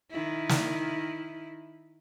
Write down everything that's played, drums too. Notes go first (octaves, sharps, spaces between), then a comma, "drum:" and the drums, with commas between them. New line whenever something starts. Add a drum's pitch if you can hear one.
D#3 E4
drum: snare